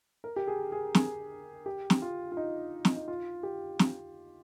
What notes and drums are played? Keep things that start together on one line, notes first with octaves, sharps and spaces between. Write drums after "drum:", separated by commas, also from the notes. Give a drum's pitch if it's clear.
A#4
G4
G#4
G#4
G#4, drum: snare
G4
drum: snare
F4
F4
D#4
drum: snare
D#4
F4
G4
drum: snare